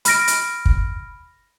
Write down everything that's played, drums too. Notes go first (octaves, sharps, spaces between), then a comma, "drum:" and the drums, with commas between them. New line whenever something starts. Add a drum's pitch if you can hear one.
B5 F6 A#6 D7, drum: hi-hat
drum: hi-hat
drum: kick